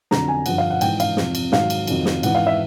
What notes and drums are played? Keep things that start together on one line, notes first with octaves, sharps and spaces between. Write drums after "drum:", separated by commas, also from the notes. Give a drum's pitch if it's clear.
F2 D3 F#3 A#5, drum: snare
G#5
G2 D3 F3 F#5, drum: cymbal
F5
F#5
G#2 E3 G5, drum: cymbal
F5, drum: cymbal
F2 C3 F3, drum: snare
drum: cymbal
G#2 D#3 F#3 F5, drum: snare
drum: cymbal
F2 C3 D#3 F#3, drum: cymbal
drum: snare
G#2 E3 F#5, drum: cymbal
F5
E5